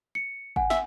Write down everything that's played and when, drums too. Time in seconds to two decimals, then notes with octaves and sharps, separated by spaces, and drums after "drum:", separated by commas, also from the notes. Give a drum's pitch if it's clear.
0.15 C#7
0.56 F#5 G#5, drum: kick G#1
0.70 E5, drum: snare